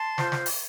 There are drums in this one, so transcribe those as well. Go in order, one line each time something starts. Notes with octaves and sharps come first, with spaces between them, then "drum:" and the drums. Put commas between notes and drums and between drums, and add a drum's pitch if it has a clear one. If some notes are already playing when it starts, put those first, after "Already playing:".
Already playing: A5 C6
F4 C5, drum: snare
drum: snare
drum: open hi-hat